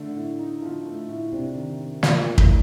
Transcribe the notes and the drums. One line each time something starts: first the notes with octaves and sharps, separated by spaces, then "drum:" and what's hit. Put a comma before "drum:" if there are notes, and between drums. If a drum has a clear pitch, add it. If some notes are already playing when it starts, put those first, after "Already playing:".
Already playing: D3 A3
A2
D#4
F3
A3
A2
C3 D4
D#3
D#3
A#2 A3, drum: snare
D4
A2, drum: kick